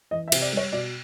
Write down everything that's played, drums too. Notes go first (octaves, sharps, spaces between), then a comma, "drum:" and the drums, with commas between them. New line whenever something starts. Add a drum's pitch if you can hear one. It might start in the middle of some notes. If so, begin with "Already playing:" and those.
E3 D#5
E5
C3, drum: cymbal
D5
G3 C#5
B2 D5